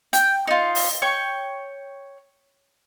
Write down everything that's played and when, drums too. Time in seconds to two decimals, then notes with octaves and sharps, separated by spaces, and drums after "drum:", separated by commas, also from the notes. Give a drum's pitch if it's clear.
0.13 G5, drum: hi-hat
0.47 D#4 F4
0.75 drum: open hi-hat
1.02 C#5 G5 C#6